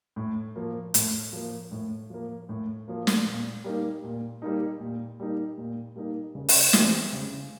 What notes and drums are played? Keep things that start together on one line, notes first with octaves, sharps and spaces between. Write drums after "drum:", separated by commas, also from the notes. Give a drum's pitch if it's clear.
A2
F3 A#3
A2, drum: hi-hat
F3 A#3
A2
F3 A#3
A2
F3 A#3
drum: snare
A#2
G3 A#3 D#4
A#2
G3 A#3 D#4
A#2
G3 A#3 D#4
A#2
G3 A#3 D#4
C#3
drum: open hi-hat
E3 G3 C4 E4, drum: snare
C#3